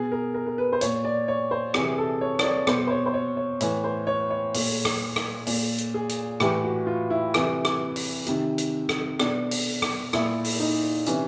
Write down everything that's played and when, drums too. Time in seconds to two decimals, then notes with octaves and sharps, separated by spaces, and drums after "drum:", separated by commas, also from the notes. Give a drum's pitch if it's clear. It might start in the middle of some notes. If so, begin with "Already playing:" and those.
Already playing: B2 G#4
0.12 A#4
0.34 A#4
0.46 A#4
0.58 B4
0.72 C5
0.81 A#2 C#5, drum: hi-hat
1.04 D5
1.28 C#5
1.51 C5
1.74 C3 E3 G#4, drum: rim click
1.98 A4
2.21 C#5
2.39 D5, drum: rim click
2.44 C#5
2.67 B2 C5, drum: rim click
2.87 C5
2.91 C#5
3.06 C5
3.14 C#5
3.37 C#5
3.61 A2 E3 C#5, drum: hi-hat
3.84 C5
4.07 C#5
4.30 C#5
4.54 A#2, drum: open hi-hat
4.85 drum: rim click
5.16 drum: rim click
5.47 A#2, drum: open hi-hat
5.78 drum: hi-hat
5.94 G#4
6.09 drum: hi-hat
6.40 A2 E3 G4, drum: rim click
6.64 F#4
6.87 F4
7.10 E4
7.34 C3 E3, drum: rim click
7.65 drum: rim click
7.96 drum: open hi-hat
8.26 C3 D#3, drum: hi-hat
8.58 drum: hi-hat
8.89 drum: rim click
9.20 B2 D4, drum: rim click
9.51 drum: open hi-hat
9.82 drum: rim click
10.13 A#2 E4, drum: rim click
10.44 drum: open hi-hat
10.60 D#4
11.06 C3 E3 C#4, drum: hi-hat